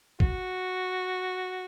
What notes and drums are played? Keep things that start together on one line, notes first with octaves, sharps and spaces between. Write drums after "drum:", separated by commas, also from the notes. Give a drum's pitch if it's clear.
F#4, drum: kick A1